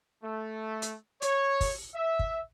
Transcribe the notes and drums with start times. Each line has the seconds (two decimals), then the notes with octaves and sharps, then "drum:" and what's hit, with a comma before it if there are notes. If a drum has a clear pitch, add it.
0.23 A3
0.82 drum: hi-hat
1.22 C#5, drum: hi-hat
1.61 drum: kick, open hi-hat
1.95 E5
2.19 drum: kick